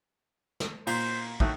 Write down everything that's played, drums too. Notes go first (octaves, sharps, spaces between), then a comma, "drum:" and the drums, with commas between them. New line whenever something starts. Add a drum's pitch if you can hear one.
drum: snare
A#2 C5, drum: cymbal
A2 D#3 A3 F#4, drum: kick